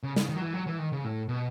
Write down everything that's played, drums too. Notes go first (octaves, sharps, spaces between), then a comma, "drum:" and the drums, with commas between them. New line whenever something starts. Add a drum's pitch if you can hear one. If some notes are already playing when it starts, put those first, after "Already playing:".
C#3
C#3, drum: snare
D#3
F#3
E3
F#3
E3
D#3
C#3
A2
B2